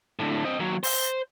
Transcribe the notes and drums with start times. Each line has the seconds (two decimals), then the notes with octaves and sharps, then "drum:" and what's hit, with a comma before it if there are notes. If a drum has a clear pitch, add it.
0.19 A2 D3
0.45 C4 D#5
0.59 D#2 F#3
0.83 C5, drum: open hi-hat